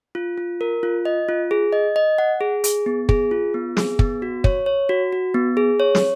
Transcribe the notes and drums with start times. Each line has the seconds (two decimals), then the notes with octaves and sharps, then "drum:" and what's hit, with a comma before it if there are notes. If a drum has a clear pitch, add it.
0.15 F4
0.38 F4
0.61 A#4
0.83 F4
1.05 D#5
1.29 F4
1.51 G#4
1.73 D#5
1.96 D#5
2.18 F#5
2.41 G#4
2.64 G#4, drum: hi-hat
2.86 B3
3.09 G#4, drum: kick
3.31 F4
3.54 B3
3.77 G#4, drum: snare
3.99 B3, drum: kick
4.22 F#4
4.44 C#5, drum: kick
4.66 C#5
4.89 F#4
5.13 F#4
5.34 B3
5.57 G#4
5.80 C#5
5.95 drum: snare